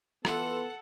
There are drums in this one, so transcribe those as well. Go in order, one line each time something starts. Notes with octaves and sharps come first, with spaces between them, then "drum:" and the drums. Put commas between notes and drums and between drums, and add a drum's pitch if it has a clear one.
E3 B3 F4 A4 F#5, drum: rim click